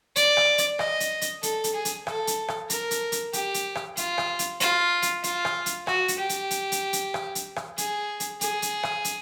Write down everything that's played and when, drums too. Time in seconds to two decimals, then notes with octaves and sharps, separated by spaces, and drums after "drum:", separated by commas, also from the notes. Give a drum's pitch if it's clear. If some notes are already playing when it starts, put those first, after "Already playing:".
0.16 D5, drum: hi-hat
0.37 drum: rim click
0.58 drum: hi-hat
0.79 D#5, drum: rim click
1.00 drum: hi-hat
1.21 drum: hi-hat
1.43 A4, drum: hi-hat
1.64 drum: hi-hat
1.74 G#4
1.85 drum: hi-hat
2.07 A4, drum: rim click
2.27 drum: hi-hat
2.48 drum: rim click
2.70 A#4, drum: hi-hat
2.91 drum: hi-hat
3.12 drum: hi-hat
3.33 G4, drum: hi-hat
3.54 drum: hi-hat
3.75 drum: rim click
3.97 F4, drum: hi-hat
4.18 drum: rim click
4.39 drum: hi-hat
4.60 F4, drum: hi-hat
5.02 drum: hi-hat
5.24 F4, drum: hi-hat
5.45 drum: rim click
5.66 drum: hi-hat
5.87 F#4, drum: rim click
6.08 drum: hi-hat
6.19 G4
6.29 drum: hi-hat
6.51 drum: hi-hat
6.72 drum: hi-hat
6.93 drum: hi-hat
7.14 drum: rim click
7.35 drum: hi-hat
7.56 drum: rim click
7.78 G#4, drum: hi-hat
8.20 drum: hi-hat
8.41 G#4, drum: hi-hat
8.62 drum: hi-hat
8.83 drum: rim click
9.05 drum: hi-hat